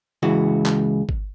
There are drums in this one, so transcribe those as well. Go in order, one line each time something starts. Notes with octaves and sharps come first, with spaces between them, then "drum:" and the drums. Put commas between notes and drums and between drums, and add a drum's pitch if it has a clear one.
C#2 E3 F#4
drum: clap
drum: kick